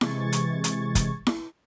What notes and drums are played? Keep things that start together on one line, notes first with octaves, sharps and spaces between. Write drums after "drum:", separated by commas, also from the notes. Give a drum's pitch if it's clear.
C3 E3 G#3 C#6 G#6 A6, drum: snare E4
drum: hi-hat
drum: hi-hat
drum: kick, hi-hat
drum: snare E4